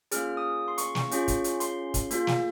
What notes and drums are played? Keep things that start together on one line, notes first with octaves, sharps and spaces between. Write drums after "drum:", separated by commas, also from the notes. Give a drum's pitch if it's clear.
A#3 C#4 F4 G#4 F6, drum: hi-hat
D#6
C6
C#6, drum: hi-hat
C#6, drum: snare
C#4 F4 G#4, drum: hi-hat
drum: kick, hi-hat
drum: hi-hat
C6, drum: hi-hat
drum: kick, hi-hat
A#3 F4 G#4, drum: hi-hat
drum: snare